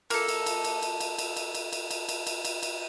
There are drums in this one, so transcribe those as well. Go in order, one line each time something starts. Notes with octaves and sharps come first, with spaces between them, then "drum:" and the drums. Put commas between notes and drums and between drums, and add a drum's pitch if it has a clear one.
A#3 A4, drum: cymbal
drum: cymbal
drum: cymbal
drum: cymbal
drum: cymbal
drum: cymbal
drum: cymbal
drum: cymbal
drum: cymbal
drum: cymbal
drum: cymbal
drum: cymbal
drum: cymbal
drum: cymbal
drum: cymbal